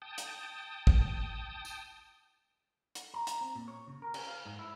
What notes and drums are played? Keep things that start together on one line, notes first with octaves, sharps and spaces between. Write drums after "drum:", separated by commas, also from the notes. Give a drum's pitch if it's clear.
G5 A5 D#6
drum: hi-hat
drum: kick
drum: tambourine
drum: hi-hat
A#5
A#5, drum: hi-hat
C4
A#2
C#5
C#3
A#4
C#4, drum: cymbal
F5
G#2
E4